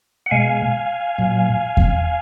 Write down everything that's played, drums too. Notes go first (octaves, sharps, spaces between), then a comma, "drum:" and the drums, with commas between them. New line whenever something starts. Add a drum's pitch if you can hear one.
F#5
B2 G#3 F5 G#5
A#2 F#3
drum: kick E2